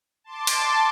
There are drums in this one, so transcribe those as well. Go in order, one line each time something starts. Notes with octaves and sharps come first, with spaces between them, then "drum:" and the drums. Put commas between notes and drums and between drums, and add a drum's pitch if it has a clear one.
A5 C6 D6
drum: cymbal